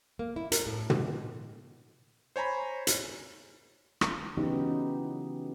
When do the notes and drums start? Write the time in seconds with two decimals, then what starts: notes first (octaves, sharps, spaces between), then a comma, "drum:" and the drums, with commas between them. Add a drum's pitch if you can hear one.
0.19 A#3
0.36 E4
0.52 A#4, drum: hi-hat
0.66 A2
0.90 G#2, drum: tom
2.36 C5 C#5 G#5 A#5 B5
2.87 drum: hi-hat
4.01 drum: rim click
4.37 C#3 E3 F#3 B3 D#4 G4